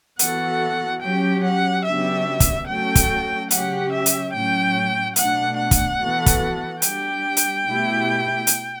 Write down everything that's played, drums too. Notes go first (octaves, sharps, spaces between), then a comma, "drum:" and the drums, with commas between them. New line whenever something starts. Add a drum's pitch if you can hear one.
E3 B3 F#4 A4 F#5, drum: hi-hat
F#3 C#4 G4 G5
F#5
C#3 F#3 B3 D4 G4 E5
drum: kick, hi-hat
F#3 A3 C#4 F#4 A4 G5
drum: kick, hi-hat
C#3 F#3 C#4 G4 F#5, drum: hi-hat
E5
drum: hi-hat
A2 F#3 C#4 G5
B2 A3 D4 F#5, drum: hi-hat
F#5
drum: kick, hi-hat
E3 B3 F#4 A4
drum: kick, hi-hat
G3 D4 G4 G5, drum: hi-hat
drum: hi-hat
B2 A3 E4 G4
drum: hi-hat